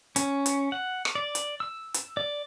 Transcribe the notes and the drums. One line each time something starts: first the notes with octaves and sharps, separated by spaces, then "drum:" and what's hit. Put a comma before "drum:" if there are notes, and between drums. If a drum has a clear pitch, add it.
C#4, drum: hi-hat
drum: hi-hat
F#5
drum: rim click
D5
drum: hi-hat
E6
drum: hi-hat
D5